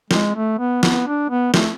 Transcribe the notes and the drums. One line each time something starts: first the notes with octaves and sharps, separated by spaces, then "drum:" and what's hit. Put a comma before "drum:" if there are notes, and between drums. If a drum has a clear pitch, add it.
G#3, drum: snare
A3
B3
B3, drum: snare
D4
B3
A3, drum: snare